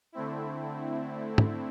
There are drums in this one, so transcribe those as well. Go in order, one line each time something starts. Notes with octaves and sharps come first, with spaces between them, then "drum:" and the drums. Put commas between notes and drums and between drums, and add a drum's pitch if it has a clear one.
D3 A3 C4 E4
drum: tom